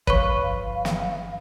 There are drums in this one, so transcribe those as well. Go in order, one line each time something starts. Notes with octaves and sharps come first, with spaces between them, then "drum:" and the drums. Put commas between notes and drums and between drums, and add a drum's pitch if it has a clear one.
G1 F3 B4 C#5 F5 C#6, drum: kick
drum: snare